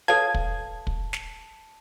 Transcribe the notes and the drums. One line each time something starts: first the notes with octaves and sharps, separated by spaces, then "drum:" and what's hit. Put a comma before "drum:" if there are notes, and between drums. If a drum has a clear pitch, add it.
A4 B4 C#5 F5 A5 G#6
drum: kick
drum: kick
drum: snare